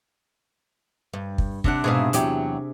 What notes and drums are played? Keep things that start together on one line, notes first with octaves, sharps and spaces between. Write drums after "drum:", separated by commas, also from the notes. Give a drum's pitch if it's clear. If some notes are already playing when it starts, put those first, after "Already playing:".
G2
drum: kick
C3 D4 F#5, drum: kick
G#2 B2 G#4 E5 F5
E2 F#3 G4, drum: hi-hat